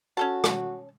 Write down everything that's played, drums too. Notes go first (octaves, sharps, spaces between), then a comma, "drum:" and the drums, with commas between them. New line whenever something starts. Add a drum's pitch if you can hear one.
C#4 F#4 A4 A5
drum: rim click